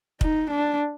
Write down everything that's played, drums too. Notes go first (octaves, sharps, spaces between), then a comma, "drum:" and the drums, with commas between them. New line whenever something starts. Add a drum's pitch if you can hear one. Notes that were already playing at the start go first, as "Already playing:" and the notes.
D#4, drum: kick
D4